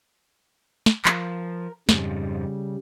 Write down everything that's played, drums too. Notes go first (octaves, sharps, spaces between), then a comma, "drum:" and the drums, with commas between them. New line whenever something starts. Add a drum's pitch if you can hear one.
drum: snare
F3 A#4, drum: clap
F2 G#2 C#3 F3 G3, drum: snare